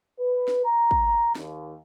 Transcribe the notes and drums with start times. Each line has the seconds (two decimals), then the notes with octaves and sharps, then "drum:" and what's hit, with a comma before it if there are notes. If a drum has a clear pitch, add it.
0.19 B4
0.48 drum: snare
0.65 A#5
0.91 drum: kick
1.35 D#2, drum: snare